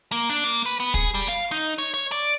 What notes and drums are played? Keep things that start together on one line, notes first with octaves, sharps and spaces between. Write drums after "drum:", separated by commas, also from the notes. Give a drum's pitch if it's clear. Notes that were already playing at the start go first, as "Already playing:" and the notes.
A#3
D4
A#3
B4
B3
G#4, drum: kick
G3
F5
D#4
C#5
C#5
D5